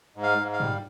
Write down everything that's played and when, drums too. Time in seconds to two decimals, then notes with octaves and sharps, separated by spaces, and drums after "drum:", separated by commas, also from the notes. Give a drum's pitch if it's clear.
0.16 G#2
0.23 F5
0.38 G#2
0.53 F5
0.60 G3, drum: tom